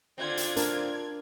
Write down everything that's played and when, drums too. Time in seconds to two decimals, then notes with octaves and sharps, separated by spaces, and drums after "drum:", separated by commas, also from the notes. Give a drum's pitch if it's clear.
0.18 D3 C4 F4 D5 G#6
0.37 drum: hi-hat
0.56 D4 A#4, drum: hi-hat